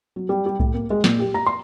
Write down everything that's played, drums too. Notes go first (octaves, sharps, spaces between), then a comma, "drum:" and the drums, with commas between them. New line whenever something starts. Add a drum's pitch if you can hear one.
F#3
G3
G3
A2, drum: kick B1
A#3
G#3
A#2, drum: snare
G4
A#5
C6